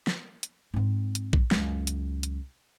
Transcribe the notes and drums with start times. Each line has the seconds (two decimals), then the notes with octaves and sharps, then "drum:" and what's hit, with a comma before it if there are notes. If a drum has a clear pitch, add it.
0.07 drum: snare
0.43 drum: hi-hat
0.74 G#2 C4
1.15 drum: hi-hat
1.33 drum: kick A#1
1.51 C#2 F#2, drum: snare
1.87 drum: hi-hat
2.23 drum: hi-hat